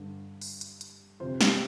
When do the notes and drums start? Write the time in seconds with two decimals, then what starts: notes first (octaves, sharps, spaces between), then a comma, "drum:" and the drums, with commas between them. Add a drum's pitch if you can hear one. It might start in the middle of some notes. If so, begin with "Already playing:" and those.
Already playing: G2 D3
0.42 drum: open hi-hat
0.61 drum: hi-hat
0.81 drum: hi-hat
1.20 F2 C3 C5
1.41 G4, drum: snare